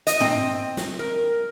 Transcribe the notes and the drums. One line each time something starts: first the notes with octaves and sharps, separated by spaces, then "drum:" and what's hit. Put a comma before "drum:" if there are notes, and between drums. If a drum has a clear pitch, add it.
D#5, drum: hi-hat
C4, drum: tom
drum: snare
A#4